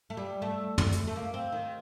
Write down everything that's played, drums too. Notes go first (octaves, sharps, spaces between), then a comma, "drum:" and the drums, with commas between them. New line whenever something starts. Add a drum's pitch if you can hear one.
A3
G3
A3
drum: tom
drum: hi-hat
A3
A#3
C4
D#3